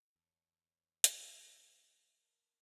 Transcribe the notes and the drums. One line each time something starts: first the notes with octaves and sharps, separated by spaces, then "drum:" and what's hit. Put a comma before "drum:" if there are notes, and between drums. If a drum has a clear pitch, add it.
E2 A4 C#5
C5 C#5
drum: hi-hat
F#3
A#4 A5 B5